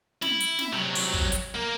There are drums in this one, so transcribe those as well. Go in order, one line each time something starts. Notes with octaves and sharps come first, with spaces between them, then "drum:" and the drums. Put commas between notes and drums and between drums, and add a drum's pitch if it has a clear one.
E4, drum: snare
drum: hi-hat
drum: snare
C3 F#3
drum: open hi-hat
drum: kick
drum: hi-hat
A#3 A#4